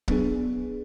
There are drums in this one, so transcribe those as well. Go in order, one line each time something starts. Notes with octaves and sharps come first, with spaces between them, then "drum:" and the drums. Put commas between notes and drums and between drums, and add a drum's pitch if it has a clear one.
F#3 B3 D4 G#4, drum: kick